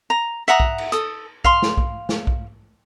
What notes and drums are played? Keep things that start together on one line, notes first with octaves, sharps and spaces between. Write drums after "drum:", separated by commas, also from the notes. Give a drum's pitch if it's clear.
A#5
E5 F#5 A#5 D#6
drum: kick B1
drum: cymbal
A4 D#6, drum: hi-hat
F5 C6, drum: kick B1
drum: snare
drum: kick B1
drum: snare
drum: kick B1